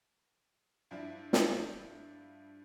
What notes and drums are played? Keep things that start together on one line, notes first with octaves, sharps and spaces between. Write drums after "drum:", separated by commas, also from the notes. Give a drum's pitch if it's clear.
G2 F3 D4 E4
drum: snare